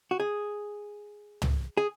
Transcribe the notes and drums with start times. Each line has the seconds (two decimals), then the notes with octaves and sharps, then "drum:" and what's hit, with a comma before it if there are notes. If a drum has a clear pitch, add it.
0.11 F#4
0.20 G#4
1.42 drum: tom
1.77 G#4